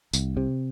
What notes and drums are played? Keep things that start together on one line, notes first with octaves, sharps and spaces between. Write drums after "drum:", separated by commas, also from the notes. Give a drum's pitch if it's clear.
C2, drum: tambourine
C3